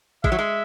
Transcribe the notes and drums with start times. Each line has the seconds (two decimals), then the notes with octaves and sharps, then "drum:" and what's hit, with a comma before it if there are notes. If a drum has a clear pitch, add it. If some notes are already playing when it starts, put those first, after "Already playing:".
0.24 G#3 E5, drum: kick A1
0.32 F#3
0.39 G#3